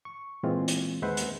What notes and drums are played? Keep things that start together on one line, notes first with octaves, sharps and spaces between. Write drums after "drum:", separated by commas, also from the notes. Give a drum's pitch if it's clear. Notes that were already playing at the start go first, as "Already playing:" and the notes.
C#6
A#2 E3 G#3 C4 F4
drum: hi-hat
D#2 G#3 B4 C5 E5 F#5
drum: hi-hat